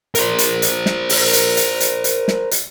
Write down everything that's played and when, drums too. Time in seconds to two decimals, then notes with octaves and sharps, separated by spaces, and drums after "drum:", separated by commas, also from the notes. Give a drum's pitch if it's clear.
0.15 A#4 C5, drum: hi-hat
0.38 drum: hi-hat
0.62 drum: hi-hat
0.86 drum: snare
1.09 drum: open hi-hat
1.33 drum: hi-hat
1.57 drum: hi-hat
1.80 drum: hi-hat
2.04 drum: hi-hat
2.28 drum: snare
2.51 drum: hi-hat